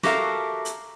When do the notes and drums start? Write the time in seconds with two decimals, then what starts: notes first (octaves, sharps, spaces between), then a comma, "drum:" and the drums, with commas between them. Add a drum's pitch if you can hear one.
0.03 F#4 G4 A4 A#4 E5 F5, drum: snare
0.65 drum: hi-hat